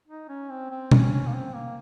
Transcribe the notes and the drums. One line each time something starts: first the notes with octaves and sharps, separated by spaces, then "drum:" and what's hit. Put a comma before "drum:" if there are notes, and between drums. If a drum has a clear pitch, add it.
D#4
C#4
C4
C4
C#4, drum: tom B2
C#4
A#3
C4
A#3